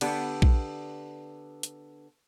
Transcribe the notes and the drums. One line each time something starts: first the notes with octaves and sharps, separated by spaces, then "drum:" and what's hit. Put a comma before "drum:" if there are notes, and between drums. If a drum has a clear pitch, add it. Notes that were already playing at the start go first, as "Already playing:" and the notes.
D3 B3 D4 G4, drum: cymbal
drum: kick A#1
drum: hi-hat